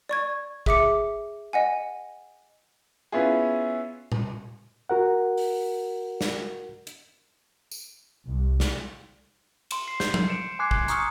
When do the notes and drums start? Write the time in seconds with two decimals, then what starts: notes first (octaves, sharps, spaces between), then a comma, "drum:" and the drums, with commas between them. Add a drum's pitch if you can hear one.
0.09 D5 C#6 G#6
0.66 G#4 E5 D6 C#7, drum: kick
1.53 D#5 F#5 G#5
3.12 B3 C#4 E4 F4 G#4
4.12 drum: tom A#2
4.90 F#4 A#4 F#5
5.37 drum: open hi-hat
6.21 drum: snare
6.87 drum: hi-hat
7.71 drum: tambourine
8.26 C2
8.60 drum: snare
9.71 C6 E7, drum: cymbal
9.88 C7
10.00 G6, drum: snare
10.14 drum: tom F3
10.28 C#7 D7 E7
10.59 G#5 C6 D6 F#6 G#6 C7
10.71 drum: kick
10.88 A#5 C#6 D#6 F6 C#7, drum: hi-hat